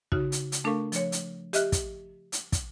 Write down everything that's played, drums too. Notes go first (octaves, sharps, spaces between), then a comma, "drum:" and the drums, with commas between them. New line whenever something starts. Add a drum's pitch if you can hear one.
C#3 D#4 F#4, drum: kick
drum: hi-hat
drum: hi-hat
A3 D4 A4 A#4 F5 C#6
F3 C#5, drum: hi-hat
drum: hi-hat
G4 D#5 E5 F6 F#6, drum: hi-hat
drum: kick, hi-hat
drum: hi-hat
drum: kick, hi-hat